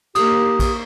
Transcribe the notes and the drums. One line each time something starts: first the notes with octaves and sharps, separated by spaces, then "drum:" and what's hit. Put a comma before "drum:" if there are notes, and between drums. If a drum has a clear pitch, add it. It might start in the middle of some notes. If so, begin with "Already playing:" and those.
A#3 G4 D#6, drum: cymbal
drum: kick A#1, cymbal